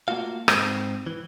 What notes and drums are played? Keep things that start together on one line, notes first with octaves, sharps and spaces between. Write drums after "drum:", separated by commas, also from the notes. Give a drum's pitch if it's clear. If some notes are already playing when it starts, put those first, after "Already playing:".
A3 A#3 C#4 F4 F#4 F5
G#2 C4, drum: rim click
E3